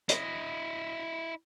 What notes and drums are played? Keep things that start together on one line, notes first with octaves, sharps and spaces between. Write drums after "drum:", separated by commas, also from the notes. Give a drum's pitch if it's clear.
E4 D#5, drum: hi-hat